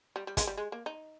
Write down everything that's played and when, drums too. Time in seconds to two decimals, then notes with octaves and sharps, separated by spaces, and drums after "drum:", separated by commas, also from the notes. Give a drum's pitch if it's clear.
0.16 G3
0.27 G3
0.37 G#3, drum: kick, hi-hat
0.47 G3
0.57 G#3
0.72 A#3
0.86 D#4